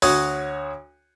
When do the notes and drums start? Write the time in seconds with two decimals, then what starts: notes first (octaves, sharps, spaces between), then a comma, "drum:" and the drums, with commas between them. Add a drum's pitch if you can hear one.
0.02 D2 F#4 C#5 D#6, drum: open hi-hat